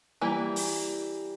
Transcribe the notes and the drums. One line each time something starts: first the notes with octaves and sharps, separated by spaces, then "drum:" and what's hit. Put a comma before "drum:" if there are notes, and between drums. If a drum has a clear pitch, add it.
E3 G3 A#3
drum: open hi-hat